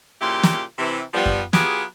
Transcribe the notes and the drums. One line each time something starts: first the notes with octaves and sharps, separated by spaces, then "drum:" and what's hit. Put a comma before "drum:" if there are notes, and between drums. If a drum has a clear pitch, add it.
A#2 C#3 F3 E4 G4 C6
drum: snare
C3 E3
F3 G3 B3
drum: kick F#2
F#3 B3 F4 G4 G#4, drum: snare